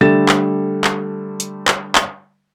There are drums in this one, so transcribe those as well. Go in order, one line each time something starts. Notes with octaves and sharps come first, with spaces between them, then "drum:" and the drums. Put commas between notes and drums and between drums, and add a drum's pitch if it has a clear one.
D3 G3 A3 A6 E7
drum: clap
drum: clap
drum: hi-hat
drum: clap
drum: clap